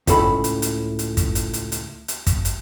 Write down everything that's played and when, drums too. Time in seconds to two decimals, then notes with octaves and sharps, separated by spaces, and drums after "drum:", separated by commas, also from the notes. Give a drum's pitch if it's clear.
0.07 C#2 A2 C#3 A4 B5, drum: kick, hi-hat
0.44 drum: hi-hat
0.62 drum: hi-hat
0.99 drum: hi-hat
1.17 drum: kick, hi-hat
1.35 drum: hi-hat
1.53 drum: hi-hat
1.72 drum: hi-hat
2.08 drum: hi-hat
2.27 drum: kick, hi-hat
2.45 drum: hi-hat